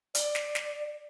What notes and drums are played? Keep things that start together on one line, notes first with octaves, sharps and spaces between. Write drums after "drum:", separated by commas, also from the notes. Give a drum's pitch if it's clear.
D5, drum: hi-hat
drum: snare
drum: snare